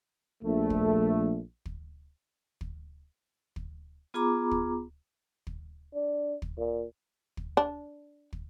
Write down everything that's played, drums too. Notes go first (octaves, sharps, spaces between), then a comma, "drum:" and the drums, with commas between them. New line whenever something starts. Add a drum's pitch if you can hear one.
A#1 A3
drum: kick
drum: kick
drum: kick
drum: kick
B3 F4 G#4 A#5 B5 D6
drum: kick
drum: kick
D4
drum: kick
A#2
drum: kick
D4
drum: kick